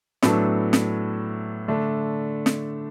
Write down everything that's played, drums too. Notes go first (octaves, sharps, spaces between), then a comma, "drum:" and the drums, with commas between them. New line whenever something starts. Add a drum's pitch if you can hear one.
A2 F#3 B3 D4 A4, drum: snare
drum: snare
D3 A3 D4
drum: snare